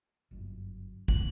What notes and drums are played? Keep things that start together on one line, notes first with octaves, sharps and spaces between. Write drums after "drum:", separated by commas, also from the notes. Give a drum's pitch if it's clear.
G1 F#2
F#7, drum: kick